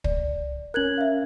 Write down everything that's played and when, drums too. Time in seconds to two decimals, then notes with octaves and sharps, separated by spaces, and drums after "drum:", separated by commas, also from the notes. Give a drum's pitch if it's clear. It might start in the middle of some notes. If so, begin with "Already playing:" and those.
0.04 D5, drum: kick
0.74 C#4 A#4 F#6 G#6 F#7
0.98 E5 F5